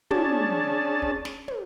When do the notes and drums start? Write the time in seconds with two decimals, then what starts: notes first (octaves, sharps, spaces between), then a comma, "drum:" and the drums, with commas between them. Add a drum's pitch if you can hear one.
0.11 C#4 D4 G#4 A5, drum: tom
1.02 drum: kick
1.25 drum: snare
1.48 drum: tom